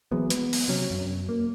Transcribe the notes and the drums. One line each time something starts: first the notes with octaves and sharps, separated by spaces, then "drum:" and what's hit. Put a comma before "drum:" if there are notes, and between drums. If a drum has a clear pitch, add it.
E3 F#3 G#3 B3
B3, drum: hi-hat
drum: open hi-hat
C3 F#3 C#4
F#2
A#3